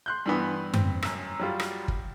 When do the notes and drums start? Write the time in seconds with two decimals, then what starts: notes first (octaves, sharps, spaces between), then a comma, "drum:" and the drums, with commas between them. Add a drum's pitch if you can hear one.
0.06 C6 F#6 G6
0.26 G2 E3 B3
0.74 C4, drum: tom F#2
1.02 F#2 E6, drum: rim click
1.39 F#3 G3 F4
1.60 drum: rim click
1.88 drum: kick